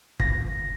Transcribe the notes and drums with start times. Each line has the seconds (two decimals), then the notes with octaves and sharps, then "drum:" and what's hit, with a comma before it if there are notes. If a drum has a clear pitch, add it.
0.20 A#6, drum: kick